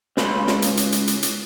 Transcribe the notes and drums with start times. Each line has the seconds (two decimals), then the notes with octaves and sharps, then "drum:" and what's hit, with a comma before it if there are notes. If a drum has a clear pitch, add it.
0.17 C#2 B4 B5 C6, drum: snare
0.47 drum: snare
0.62 drum: hi-hat
0.77 drum: hi-hat
0.92 drum: hi-hat
1.07 drum: hi-hat
1.23 drum: hi-hat